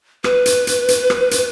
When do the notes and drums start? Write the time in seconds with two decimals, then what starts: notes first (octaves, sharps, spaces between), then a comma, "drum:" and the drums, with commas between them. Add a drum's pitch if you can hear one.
0.24 B4, drum: rim click
0.46 drum: hi-hat
0.67 drum: hi-hat
0.88 drum: hi-hat
1.10 drum: rim click
1.31 drum: hi-hat